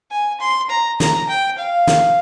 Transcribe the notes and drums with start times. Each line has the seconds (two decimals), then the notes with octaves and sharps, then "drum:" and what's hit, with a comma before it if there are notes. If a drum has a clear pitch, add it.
0.11 G#5
0.41 C6
0.70 A#5
1.00 A#5, drum: snare
1.29 G5
1.58 F5
1.87 drum: snare